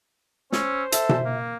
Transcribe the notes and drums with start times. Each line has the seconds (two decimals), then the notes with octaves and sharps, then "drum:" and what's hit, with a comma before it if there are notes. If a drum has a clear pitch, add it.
0.52 C#4 C5 E6, drum: snare
0.92 A4 E5, drum: hi-hat
1.09 drum: tom B2
1.25 A#3